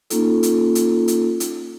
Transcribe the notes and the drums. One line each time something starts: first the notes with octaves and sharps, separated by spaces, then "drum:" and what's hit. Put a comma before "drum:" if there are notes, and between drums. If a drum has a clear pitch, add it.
A#3 C#4 D#4 F4 A4, drum: hi-hat
drum: hi-hat
drum: hi-hat
drum: hi-hat
drum: hi-hat